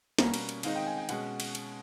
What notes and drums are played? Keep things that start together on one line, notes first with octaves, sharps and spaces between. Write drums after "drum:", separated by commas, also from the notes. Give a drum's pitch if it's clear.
B2 G3 A#3 C#4 A#5, drum: snare
drum: cymbal
drum: cymbal
D#3 G#3 C4 D#4 F5, drum: cymbal
G5
G#5
G5
B2 G#3 C#4 F#5, drum: cymbal
drum: cymbal
drum: cymbal